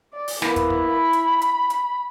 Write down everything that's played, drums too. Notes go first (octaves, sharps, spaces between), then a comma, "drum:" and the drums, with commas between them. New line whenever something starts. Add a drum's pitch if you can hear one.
D5
drum: open hi-hat
A#3 B3 E4, drum: snare
drum: kick, hi-hat
drum: kick
B5
drum: hi-hat
drum: hi-hat
drum: hi-hat